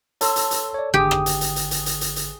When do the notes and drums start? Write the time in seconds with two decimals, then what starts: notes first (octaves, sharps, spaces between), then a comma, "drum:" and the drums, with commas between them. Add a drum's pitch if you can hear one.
0.21 A4 C#5 C6 E6, drum: hi-hat
0.36 drum: hi-hat
0.51 drum: hi-hat
0.74 C#5 D5
0.94 G#1 D3 G4 G#4 D#6
1.11 drum: rim click
1.26 drum: hi-hat
1.41 drum: hi-hat
1.56 drum: hi-hat
1.71 drum: hi-hat
1.86 drum: hi-hat
2.01 drum: hi-hat
2.16 drum: hi-hat